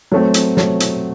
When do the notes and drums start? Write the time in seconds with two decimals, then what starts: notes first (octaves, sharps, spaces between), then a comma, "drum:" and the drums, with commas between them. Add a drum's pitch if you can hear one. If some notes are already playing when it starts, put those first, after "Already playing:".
0.12 F#3 A3 C4
0.34 drum: hi-hat
0.57 F#3 A3 C4, drum: snare
0.80 drum: hi-hat